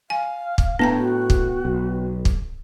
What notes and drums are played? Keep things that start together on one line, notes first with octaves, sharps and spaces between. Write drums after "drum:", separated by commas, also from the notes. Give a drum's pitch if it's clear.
F5 G#5
drum: kick
A2 B3 D4 G5 A5 A#5
F#4
drum: kick
B1
drum: kick